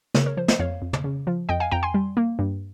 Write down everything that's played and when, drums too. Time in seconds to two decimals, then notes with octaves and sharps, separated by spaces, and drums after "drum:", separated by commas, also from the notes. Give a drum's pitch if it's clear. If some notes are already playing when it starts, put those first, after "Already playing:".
0.15 C#3 A#4 C#5, drum: snare
0.26 A#4 C#5
0.37 F3 C5
0.48 C5 D#5, drum: snare
0.59 F2 C#5 F5
0.82 F2
0.93 drum: tom
1.04 C#3
1.27 F3
1.49 F2 D#5 G5
1.60 F5 G#5
1.71 F2 G5 A#5
1.83 G#5 C6
1.94 G3
2.17 A#3
2.39 G2